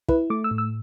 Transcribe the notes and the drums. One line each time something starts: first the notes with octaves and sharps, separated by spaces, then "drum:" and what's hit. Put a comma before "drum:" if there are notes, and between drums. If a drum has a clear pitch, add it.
E4 B4, drum: kick
A3 D6
E6
A2
E6